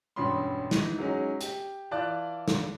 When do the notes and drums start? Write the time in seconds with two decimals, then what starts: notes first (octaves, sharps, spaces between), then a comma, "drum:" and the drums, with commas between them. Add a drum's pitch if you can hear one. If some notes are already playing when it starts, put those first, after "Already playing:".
0.16 E1 G2 C#4 B5 C6
0.71 E3 D#4, drum: snare
0.98 F#3 G#3 C#4 D#4
1.41 G4, drum: hi-hat
1.91 E3 F4 D5 A5 F#6
2.48 drum: snare